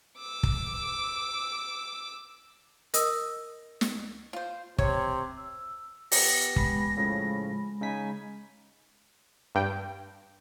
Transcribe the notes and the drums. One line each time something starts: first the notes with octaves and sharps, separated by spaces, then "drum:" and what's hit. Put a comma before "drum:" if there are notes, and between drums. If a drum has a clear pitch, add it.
D6 E6
drum: kick
A#4 D#5 D#6 E6, drum: hi-hat
drum: snare
F4 C5
C3 C#5, drum: kick
E6
B3 G4 A#6, drum: open hi-hat
G#3 B5, drum: kick
A2 C#3 F3
C#3 D#4 G#5 B6
G2 G5